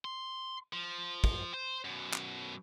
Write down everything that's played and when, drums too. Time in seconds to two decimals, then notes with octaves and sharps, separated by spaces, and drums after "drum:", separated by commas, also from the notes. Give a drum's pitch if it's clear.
0.05 C6
0.73 F3
1.24 drum: kick
1.54 C5
1.85 F#2 B2
2.14 drum: clap